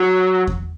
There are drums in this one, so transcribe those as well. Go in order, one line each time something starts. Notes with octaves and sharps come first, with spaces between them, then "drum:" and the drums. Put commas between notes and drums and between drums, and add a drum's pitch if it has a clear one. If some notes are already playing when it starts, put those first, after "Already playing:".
Already playing: F#3
drum: kick E2